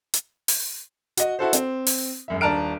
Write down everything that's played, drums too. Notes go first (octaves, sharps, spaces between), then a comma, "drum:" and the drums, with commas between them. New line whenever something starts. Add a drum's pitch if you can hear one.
drum: hi-hat
drum: open hi-hat
F#4 D#5, drum: hi-hat
E4 F#4 A4 C5
C4, drum: hi-hat
drum: open hi-hat
E1 F#2 E5
D#1 D4 A5 A#5 F6 D7